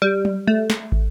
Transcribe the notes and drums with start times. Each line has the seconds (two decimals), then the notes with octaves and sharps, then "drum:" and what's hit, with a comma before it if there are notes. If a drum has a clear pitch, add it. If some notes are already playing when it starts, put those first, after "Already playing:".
0.02 G3
0.25 drum: tom F#3
0.47 A3
0.70 drum: snare
0.92 drum: kick